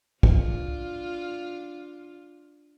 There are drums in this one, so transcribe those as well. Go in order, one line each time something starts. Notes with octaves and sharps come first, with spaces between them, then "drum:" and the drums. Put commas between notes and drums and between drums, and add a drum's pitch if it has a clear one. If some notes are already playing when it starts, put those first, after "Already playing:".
D4 F4, drum: kick